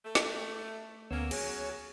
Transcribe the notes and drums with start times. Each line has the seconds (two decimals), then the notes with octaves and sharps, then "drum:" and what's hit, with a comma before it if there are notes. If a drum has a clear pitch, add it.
0.05 A3
0.15 drum: snare
1.11 D2 A#3 B3 C#4 E6
1.31 F#3 C#4 G#4 C#5, drum: cymbal